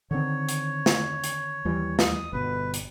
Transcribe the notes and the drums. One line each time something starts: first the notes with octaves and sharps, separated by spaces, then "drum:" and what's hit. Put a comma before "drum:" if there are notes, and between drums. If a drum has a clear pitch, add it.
D3 D#3 C4 C#5
drum: hi-hat
drum: snare
drum: hi-hat
D#2 E3 G3
D#6, drum: snare
G1 B2 B4
drum: hi-hat